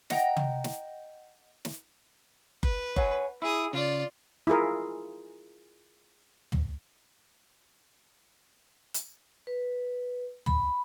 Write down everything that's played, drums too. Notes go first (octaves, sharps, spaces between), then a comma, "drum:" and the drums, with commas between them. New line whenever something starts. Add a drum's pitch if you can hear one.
D#5 F#5 G5 A#5, drum: snare
drum: tom
drum: snare
drum: snare
B4, drum: kick F#1
C#5 F#5 G#5, drum: kick F#1
E4 G#4 D#6
C#3 F4 D5
E4 F4 G#4 A#4
drum: tom
drum: hi-hat
B4
B5, drum: tom